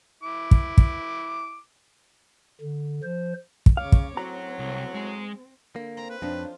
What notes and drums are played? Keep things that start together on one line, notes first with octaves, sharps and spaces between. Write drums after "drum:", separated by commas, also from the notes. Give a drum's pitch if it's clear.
E4 D6
drum: kick
drum: kick
D3
F3 C5
drum: kick
C#3 C#5 F5 D6
drum: kick
F#2 A2 F#3 C4 A#5
C2
G#3
D3 A#3
C4 A#5
B4
F2 F3 D4 D#4 C5 C#5
F4